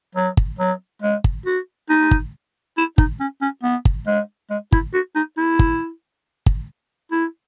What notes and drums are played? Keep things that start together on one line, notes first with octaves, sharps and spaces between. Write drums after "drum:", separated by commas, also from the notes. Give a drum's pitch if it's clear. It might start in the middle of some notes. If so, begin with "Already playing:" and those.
F#3
drum: kick
F#3
G#3
drum: kick
F#4
D#4
drum: kick
E4
D#4, drum: kick
C#4
C#4
B3
drum: kick
G#3
G#3
E4, drum: kick
F#4
D#4
E4
drum: kick
drum: kick
E4